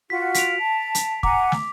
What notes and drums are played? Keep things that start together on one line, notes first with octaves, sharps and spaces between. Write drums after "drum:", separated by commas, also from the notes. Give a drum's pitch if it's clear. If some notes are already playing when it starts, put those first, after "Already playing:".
F4 F#4 F#5 B6
B6 D7 F7, drum: hi-hat
A5
drum: hi-hat
F#5 G#5 A#5 D6, drum: kick
drum: snare